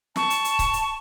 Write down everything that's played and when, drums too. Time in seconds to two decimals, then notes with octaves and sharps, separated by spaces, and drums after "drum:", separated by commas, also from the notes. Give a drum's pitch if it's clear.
0.16 A5 C#6, drum: snare
0.30 drum: hi-hat
0.45 drum: hi-hat
0.59 drum: kick C#1, hi-hat
0.73 drum: hi-hat